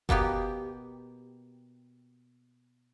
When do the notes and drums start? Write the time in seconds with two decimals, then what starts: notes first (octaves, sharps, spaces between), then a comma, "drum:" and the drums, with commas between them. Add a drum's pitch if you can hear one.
0.09 B2 A#3 B3 G4, drum: kick F#1